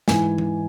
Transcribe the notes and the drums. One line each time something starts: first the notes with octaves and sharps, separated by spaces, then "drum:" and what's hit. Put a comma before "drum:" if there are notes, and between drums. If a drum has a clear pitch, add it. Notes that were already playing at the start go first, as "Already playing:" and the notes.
G#2 E3 G#5, drum: snare
drum: tom E3